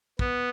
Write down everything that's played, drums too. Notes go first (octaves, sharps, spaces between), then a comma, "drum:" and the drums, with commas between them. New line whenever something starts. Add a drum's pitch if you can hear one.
B3, drum: kick